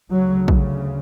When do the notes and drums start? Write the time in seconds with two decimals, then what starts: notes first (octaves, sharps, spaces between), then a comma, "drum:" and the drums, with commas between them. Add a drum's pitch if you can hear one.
0.11 D2 C#3 F#3
0.48 drum: kick A#1